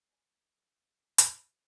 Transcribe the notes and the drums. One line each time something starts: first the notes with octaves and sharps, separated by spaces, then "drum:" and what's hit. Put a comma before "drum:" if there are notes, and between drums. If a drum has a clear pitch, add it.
C5 D5 G#5
drum: hi-hat